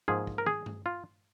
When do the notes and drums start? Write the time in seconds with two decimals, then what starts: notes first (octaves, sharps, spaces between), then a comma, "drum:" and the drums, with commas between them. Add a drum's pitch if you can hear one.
0.08 G#2 F3 A#3 G#4
0.27 drum: kick
0.38 A#4
0.46 G#4, drum: tom
0.66 drum: tom G2
0.86 F4